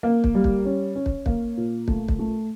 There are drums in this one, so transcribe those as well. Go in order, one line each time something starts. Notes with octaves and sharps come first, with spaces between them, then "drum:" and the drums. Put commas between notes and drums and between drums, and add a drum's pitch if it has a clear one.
A#3
drum: kick
G3
drum: kick
C#4
C#4
drum: kick
A#3, drum: kick
A#2
A3, drum: kick
drum: kick
A3